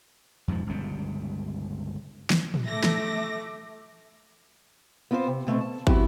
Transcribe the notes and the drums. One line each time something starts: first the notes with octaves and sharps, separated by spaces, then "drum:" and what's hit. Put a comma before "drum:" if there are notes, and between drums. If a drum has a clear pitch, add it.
F2 G#2 B2 F3
G1 C#2 B2 G3
drum: snare
drum: tom
A3 E5 D6 A#6
drum: snare
B3 C4 F4 A#4 C5
C3
B2 A3 A#3 C4
A5
F#3 B3 C4 E4 G4, drum: kick